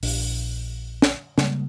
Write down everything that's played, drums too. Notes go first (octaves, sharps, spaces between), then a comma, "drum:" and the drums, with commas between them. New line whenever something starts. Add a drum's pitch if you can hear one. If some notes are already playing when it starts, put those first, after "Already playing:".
A#1 D4, drum: open hi-hat
drum: snare
C#3 G3 G#3 A#3, drum: snare